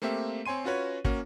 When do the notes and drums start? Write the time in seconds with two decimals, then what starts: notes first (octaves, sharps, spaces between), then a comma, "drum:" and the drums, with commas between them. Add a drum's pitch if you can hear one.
0.02 A3 A#3 C4 G4 E5
0.46 C4 C#5 G#5 C6 D#7
0.65 C#4 F4 F#4 B4 C#5
1.05 A#3 C#4 F#4, drum: kick